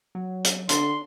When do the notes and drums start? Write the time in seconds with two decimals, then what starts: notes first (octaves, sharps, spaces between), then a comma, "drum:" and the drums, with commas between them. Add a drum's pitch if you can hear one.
0.15 F#3
0.45 drum: hi-hat
0.69 D3 D4 C6, drum: hi-hat